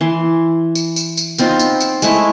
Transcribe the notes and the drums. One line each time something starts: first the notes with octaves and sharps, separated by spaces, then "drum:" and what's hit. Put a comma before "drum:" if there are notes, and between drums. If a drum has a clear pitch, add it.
E3 C6
drum: tambourine
drum: tambourine
drum: tambourine
B3 C4 D#4 F4, drum: tambourine
drum: tambourine
drum: tambourine
G#3 A3 E4, drum: tambourine